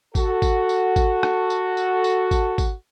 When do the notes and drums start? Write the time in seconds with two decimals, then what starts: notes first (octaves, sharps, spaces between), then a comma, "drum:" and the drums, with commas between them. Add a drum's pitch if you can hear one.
0.15 F#4 A4, drum: kick G#1, tambourine
0.42 drum: kick G#1, tambourine
0.69 drum: tambourine
0.96 drum: kick G#1, tambourine
1.23 drum: rim click
1.50 drum: tambourine
1.77 drum: tambourine
2.04 drum: tambourine
2.31 drum: kick G#1, tambourine
2.58 drum: kick G#1, tambourine